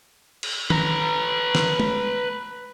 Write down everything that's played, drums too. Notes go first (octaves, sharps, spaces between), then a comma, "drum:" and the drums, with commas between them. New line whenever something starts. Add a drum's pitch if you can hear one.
drum: cymbal
B4 A#5, drum: tom D#3
drum: snare
drum: tom